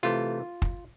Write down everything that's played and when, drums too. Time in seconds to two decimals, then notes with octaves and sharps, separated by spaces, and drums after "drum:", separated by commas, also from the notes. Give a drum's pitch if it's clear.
0.03 C3 E3 A3 F4
0.62 drum: kick